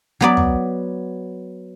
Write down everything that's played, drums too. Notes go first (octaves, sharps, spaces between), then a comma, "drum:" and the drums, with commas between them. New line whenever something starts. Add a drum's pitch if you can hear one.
F#3 B3 D5
drum: tom